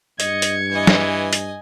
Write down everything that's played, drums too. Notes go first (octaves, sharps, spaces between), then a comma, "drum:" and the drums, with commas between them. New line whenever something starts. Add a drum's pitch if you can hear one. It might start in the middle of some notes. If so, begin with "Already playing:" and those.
G2 D#5 G#6 C#7, drum: hi-hat
drum: hi-hat
E3 D#5 G#5
drum: snare
drum: hi-hat